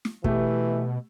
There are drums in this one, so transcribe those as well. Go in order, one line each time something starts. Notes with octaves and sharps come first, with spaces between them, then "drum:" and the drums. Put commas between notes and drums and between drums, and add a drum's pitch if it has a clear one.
drum: snare
B2 E3 A3 G4, drum: kick